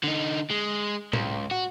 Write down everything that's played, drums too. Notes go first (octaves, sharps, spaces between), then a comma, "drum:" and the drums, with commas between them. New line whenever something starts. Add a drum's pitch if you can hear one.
D3 D#4
G#3
C#2, drum: tom A2
F#4